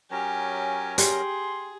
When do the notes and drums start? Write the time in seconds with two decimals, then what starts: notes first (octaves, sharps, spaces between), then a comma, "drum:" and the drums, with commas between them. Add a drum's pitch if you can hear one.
0.11 F#3 C#4 G4 A#4 G#5
0.98 G4 G#4 C6, drum: hi-hat